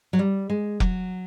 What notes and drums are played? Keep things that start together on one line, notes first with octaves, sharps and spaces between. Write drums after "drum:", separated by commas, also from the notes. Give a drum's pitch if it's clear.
F#3
G3
G#3
F#3, drum: kick F1